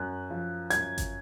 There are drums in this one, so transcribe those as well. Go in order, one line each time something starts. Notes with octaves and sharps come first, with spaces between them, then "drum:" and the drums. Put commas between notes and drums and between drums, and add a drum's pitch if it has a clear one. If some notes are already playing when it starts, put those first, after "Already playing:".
Already playing: F#2 F#6
F3
F#2 G#6, drum: hi-hat
drum: kick G1, hi-hat